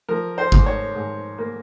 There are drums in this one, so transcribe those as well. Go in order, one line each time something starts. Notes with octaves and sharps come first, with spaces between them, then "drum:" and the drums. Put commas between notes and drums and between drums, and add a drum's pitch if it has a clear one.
F3 A#4
C5
G#2, drum: kick
C#5
G#2
A#3